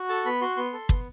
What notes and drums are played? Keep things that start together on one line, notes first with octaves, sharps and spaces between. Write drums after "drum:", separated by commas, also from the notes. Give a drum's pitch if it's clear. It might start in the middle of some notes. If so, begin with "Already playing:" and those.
Already playing: F#4
A4 A5
B3 B5
F#4 C6
B3 C6
A4
B3, drum: kick